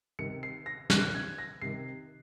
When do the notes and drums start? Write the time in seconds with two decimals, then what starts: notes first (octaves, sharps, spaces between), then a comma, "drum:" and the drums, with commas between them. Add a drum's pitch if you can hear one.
0.19 C3 D#3 C#7
0.43 C7
0.66 A#6
0.90 C3 D#3 F#6, drum: snare
1.15 G#6
1.38 A#6
1.62 C3 D#3 C7